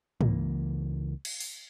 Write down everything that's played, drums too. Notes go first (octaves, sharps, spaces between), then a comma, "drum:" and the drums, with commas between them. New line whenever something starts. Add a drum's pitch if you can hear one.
C#2 E3 A#3, drum: tom
drum: cymbal
drum: open hi-hat